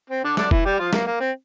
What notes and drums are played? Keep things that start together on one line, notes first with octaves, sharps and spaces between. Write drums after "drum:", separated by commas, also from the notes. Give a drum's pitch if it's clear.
C4
D3 D4
D3 D4, drum: snare
E3 E4, drum: kick F1
G3 G4
F3 F4
A#3, drum: snare
A#3
C4